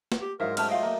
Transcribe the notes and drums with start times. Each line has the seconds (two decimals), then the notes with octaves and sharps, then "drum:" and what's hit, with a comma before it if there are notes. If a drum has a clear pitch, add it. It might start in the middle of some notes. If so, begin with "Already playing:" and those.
0.12 drum: snare
0.21 G4
0.40 G#2 F#3 G#3 E4 A#4 E5 F5
0.57 A3 C#4 A#4 E5 A5 F6, drum: cymbal
0.69 F4 D#5 F5 G5
0.83 A#3 A#4 A#5